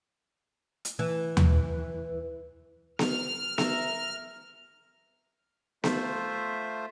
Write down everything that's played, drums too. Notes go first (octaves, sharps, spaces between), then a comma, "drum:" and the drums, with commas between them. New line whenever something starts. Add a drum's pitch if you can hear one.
drum: hi-hat
E3
drum: tom D#2
F6, drum: snare B3
A#4 E5, drum: snare B3
A3 F4 C5 E5, drum: snare B3